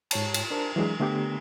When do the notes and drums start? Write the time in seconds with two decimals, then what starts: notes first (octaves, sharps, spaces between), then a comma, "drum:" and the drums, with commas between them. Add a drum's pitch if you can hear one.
0.11 G#2 C#5 A5, drum: cymbal
0.34 drum: cymbal
0.51 D4 A#4 C5 A5
0.76 E3 F#3 G#3 D4 G#4
1.00 D3 A3 B3 D4 G4